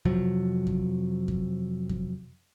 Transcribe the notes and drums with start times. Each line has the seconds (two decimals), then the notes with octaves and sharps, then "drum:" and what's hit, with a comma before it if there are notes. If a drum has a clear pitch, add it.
0.05 F2 C3 F3 F#3, drum: kick F#2
0.67 drum: kick F#2
1.28 drum: kick F#2
1.89 drum: kick F#2